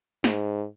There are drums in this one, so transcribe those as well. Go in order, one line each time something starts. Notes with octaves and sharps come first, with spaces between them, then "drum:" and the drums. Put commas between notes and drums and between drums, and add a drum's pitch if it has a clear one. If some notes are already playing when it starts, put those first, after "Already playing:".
G#2, drum: snare